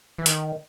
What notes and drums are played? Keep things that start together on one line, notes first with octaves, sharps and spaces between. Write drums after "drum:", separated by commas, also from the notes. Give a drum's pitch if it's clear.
E3
D#3, drum: hi-hat